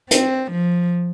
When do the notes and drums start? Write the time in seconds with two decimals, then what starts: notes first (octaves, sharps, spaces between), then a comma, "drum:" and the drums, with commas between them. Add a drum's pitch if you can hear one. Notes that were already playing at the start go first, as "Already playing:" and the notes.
0.11 C4, drum: hi-hat
0.52 F3